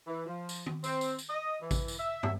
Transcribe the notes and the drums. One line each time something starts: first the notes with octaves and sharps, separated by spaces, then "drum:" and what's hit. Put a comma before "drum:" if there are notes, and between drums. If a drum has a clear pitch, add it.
E3
F3
drum: tambourine
drum: tom
C4, drum: tambourine
drum: tambourine
drum: tambourine
D#5
E3
drum: kick A1, tambourine
drum: tambourine
E5
drum: tom